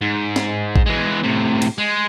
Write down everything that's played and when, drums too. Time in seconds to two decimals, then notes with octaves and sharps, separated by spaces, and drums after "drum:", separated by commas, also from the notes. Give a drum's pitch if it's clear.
0.02 G#2
0.36 drum: snare
0.76 drum: kick
0.86 E3 G#3
1.23 A2 C3
1.62 drum: cymbal
1.78 G#3